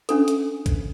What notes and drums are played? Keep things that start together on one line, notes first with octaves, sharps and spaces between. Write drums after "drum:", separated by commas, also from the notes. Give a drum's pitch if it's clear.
C#4 D4 A4, drum: hi-hat
drum: hi-hat
drum: kick, hi-hat